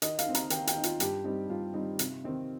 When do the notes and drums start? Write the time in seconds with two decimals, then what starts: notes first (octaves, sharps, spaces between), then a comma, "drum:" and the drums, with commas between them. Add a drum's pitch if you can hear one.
0.02 D#3 D#5, drum: hi-hat
0.19 F5, drum: hi-hat
0.26 C4 D#4
0.35 A#5, drum: hi-hat
0.50 D#3 G5, drum: hi-hat
0.67 G5, drum: hi-hat
0.75 C4 D#4
0.83 F4, drum: hi-hat
1.00 G2 G4, drum: hi-hat
1.24 G3 C4 D#4
1.49 G2 F4
1.74 G3 C4 D#4
1.99 C3, drum: hi-hat
2.24 D#3 C4 D#4